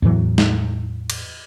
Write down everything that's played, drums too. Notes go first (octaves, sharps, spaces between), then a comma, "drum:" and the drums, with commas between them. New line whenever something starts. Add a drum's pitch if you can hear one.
E2 A2 E3 F#3
drum: snare
drum: cymbal